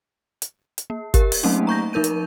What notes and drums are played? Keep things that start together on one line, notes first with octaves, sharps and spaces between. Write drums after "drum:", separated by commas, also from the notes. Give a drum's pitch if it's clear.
drum: hi-hat
drum: hi-hat
A#3
G4 A#4, drum: kick G1, hi-hat
drum: open hi-hat
F#3 A3 A#3 C4 C#4 D#4
A#5 C#6 G6 A#6
F3 D#4 A#4 G6 D#7
drum: hi-hat